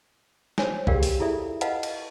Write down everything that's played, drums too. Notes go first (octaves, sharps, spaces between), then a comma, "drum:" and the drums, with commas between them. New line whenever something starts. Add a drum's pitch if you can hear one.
C5 C#5 G#5, drum: snare
G4 G#4 A#4 D5 F5 G5, drum: kick
drum: open hi-hat
E4 F4 G#4 A4 D5 E5
B4 D#5 F5 F#5 A5, drum: hi-hat
drum: cymbal